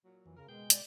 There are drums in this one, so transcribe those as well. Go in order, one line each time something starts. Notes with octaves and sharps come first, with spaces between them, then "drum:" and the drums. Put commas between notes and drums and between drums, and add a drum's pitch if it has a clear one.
A#2 F#3
F2 E3
C#3 A#4
B2 G#3 A#3 B3 G#4 G5 G6
D5, drum: hi-hat